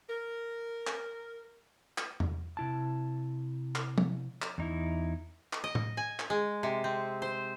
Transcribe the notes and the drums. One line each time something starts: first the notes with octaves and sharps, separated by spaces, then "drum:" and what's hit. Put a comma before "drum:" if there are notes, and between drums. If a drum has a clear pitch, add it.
A#4
drum: clap
drum: clap
drum: tom E2
C3 E4 A5
drum: clap
drum: tom F3
drum: clap
E2 D#4 E4
drum: clap
D#5
drum: tom A2
G#5
drum: clap
G#3
C3
C4
C5